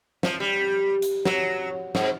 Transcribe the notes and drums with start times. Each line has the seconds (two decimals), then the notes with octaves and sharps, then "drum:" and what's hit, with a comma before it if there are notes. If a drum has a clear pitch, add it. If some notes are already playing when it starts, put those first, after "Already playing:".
0.23 F3, drum: snare
0.40 G3
1.02 drum: hi-hat
1.25 F#3, drum: snare
1.95 G#2, drum: snare